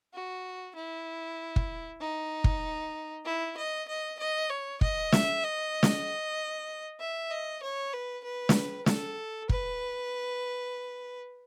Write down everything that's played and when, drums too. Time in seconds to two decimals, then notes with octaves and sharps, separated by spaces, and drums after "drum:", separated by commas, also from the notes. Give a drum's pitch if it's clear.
0.13 F#4
0.75 E4
1.56 drum: kick
2.01 D#4
2.44 drum: kick
3.25 E4
3.57 D#5
3.88 D#5
4.19 D#5
4.50 C#5
4.81 D#5, drum: kick
5.12 E5, drum: snare
5.43 D#5
5.83 drum: snare
7.00 E5
7.31 D#5
7.62 C#5
7.93 B4
8.24 B4
8.49 drum: snare
8.86 A4, drum: snare
9.49 B4, drum: kick